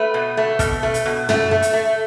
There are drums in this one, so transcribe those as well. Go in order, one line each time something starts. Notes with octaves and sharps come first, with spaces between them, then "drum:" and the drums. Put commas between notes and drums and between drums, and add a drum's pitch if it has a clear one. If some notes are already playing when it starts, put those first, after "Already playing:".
Already playing: A3 B4
B2
A3
B2, drum: kick, hi-hat
A3
drum: hi-hat
B2
A3, drum: tom
A3
drum: hi-hat
A3